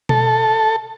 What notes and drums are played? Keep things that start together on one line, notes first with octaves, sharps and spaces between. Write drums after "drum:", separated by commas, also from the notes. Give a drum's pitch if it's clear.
A4, drum: tom B2